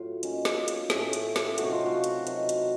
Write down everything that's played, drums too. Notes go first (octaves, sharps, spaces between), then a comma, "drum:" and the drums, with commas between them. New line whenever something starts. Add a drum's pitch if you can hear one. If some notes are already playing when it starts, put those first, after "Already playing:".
Already playing: A2 F#3 F4
D#3 A#3 C#4, drum: hi-hat
drum: snare
drum: hi-hat
A2 A3 C#4, drum: snare
drum: hi-hat
drum: snare
C3 D#3 F#3 A3 F#4, drum: hi-hat
F4
F#4
drum: hi-hat
C3 D#3 F#3, drum: hi-hat
drum: hi-hat